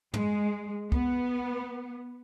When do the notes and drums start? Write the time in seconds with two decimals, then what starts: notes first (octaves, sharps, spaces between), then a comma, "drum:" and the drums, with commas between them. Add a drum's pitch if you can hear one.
0.14 G#3, drum: tom
0.92 B3, drum: kick